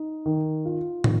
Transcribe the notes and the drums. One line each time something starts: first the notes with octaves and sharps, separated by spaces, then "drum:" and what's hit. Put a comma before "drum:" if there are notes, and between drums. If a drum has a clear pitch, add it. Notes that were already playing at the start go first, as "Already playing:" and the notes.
Already playing: D#4
D#3
F4
D#3, drum: tom